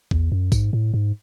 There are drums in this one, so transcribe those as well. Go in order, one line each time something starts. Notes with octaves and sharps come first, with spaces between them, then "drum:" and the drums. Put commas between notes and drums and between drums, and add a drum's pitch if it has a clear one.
E2, drum: kick A1
F#2
G#2, drum: kick A1, tambourine
A2
G#2